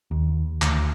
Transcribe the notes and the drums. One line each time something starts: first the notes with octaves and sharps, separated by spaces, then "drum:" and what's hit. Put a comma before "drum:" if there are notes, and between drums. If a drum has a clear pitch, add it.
D#2
D2, drum: clap